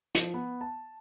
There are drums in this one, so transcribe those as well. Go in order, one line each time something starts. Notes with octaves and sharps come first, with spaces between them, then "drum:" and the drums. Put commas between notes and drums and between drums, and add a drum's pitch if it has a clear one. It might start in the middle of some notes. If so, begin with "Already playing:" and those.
F3, drum: hi-hat
B3
A5